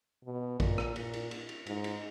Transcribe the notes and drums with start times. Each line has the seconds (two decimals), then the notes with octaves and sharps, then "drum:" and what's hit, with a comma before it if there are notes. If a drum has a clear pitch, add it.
0.25 B2
0.60 A#2, drum: kick, cymbal
0.78 drum: rim click
0.96 A#2, drum: cymbal
1.13 drum: cymbal
1.31 drum: cymbal
1.49 drum: cymbal
1.66 G#2, drum: cymbal
1.84 drum: cymbal